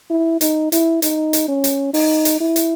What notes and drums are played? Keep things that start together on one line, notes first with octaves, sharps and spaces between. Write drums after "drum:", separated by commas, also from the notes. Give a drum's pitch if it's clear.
E4
D#4, drum: hi-hat
E4, drum: hi-hat
D#4, drum: hi-hat
drum: hi-hat
C#4
drum: hi-hat
D#4, drum: open hi-hat
drum: hi-hat
E4
drum: hi-hat